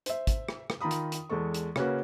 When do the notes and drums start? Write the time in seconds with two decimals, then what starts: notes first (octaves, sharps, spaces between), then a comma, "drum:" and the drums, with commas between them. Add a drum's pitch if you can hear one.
0.06 C5 E5, drum: hi-hat
0.27 drum: kick, hi-hat
0.49 drum: rim click
0.70 drum: rim click
0.80 D#3 F4 A#5 B5 D#6
0.91 drum: hi-hat
1.12 drum: hi-hat
1.30 E2 G#3 A4 C#6
1.54 drum: hi-hat
1.76 C#3 A#3 C#4 F#4 B4, drum: rim click